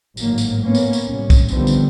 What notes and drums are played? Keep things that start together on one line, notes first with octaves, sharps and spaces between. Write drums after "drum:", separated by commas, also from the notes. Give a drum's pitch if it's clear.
G#1 A2 F#3 A#3, drum: tambourine
drum: tambourine
A#3 B3 C#4
drum: tambourine
drum: tambourine
C2 A2 C#4
drum: kick, tambourine
D3 D#3 F3 G3 B3 C4, drum: tambourine
drum: tambourine